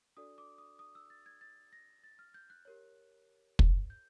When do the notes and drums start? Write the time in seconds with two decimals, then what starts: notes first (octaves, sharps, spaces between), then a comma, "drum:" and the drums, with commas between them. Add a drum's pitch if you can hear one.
0.17 D4 F#4 A4 D5 D#6
0.38 D6
0.58 D#6
0.79 D#6
0.95 E6
1.10 A6
1.26 G#6
1.41 A6
1.73 A#6
2.04 A6
2.19 F6
2.34 G6
2.50 F#6
2.65 G4 A#4 C#5
3.59 drum: kick
3.90 G6